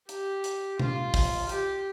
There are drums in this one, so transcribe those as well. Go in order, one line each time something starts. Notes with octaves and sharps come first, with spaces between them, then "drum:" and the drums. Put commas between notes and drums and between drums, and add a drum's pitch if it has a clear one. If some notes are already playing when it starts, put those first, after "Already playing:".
G4, drum: hi-hat
drum: hi-hat
F4, drum: tom B2
drum: kick, open hi-hat
G4, drum: hi-hat